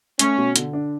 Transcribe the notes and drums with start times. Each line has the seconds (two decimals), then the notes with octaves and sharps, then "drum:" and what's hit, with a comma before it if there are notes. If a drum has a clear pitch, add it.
0.19 A3 C#4, drum: hi-hat
0.38 B2
0.56 D3, drum: hi-hat
0.73 D4